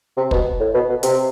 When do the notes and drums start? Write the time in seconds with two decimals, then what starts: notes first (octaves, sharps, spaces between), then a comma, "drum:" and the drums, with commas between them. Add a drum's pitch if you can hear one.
0.17 C3
0.31 B2, drum: kick
0.60 A2
0.74 B2
0.89 B2
1.03 C3, drum: hi-hat